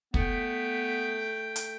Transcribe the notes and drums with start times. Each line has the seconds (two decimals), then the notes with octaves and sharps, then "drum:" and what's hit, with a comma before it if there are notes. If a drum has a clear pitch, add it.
0.14 A3 B3 G5, drum: kick
1.56 drum: hi-hat